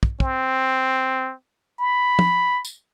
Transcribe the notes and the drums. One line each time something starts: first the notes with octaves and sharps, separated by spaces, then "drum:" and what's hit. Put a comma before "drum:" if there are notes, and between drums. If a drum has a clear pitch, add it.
drum: kick
C4, drum: kick
B5
drum: tom
drum: tambourine